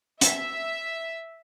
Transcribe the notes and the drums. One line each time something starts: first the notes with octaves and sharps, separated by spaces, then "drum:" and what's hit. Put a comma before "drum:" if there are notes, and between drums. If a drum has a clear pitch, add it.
E5, drum: hi-hat